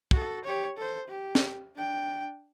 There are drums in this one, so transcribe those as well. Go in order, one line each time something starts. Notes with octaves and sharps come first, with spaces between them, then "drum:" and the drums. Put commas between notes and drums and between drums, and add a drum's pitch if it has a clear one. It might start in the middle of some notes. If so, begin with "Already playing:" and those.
F#4 A4, drum: kick
G4 C#5
A4 C5
G4
drum: snare
D4 G5